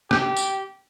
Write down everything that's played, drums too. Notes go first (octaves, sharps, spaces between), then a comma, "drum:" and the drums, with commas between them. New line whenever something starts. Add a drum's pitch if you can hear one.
G4, drum: rim click
drum: tambourine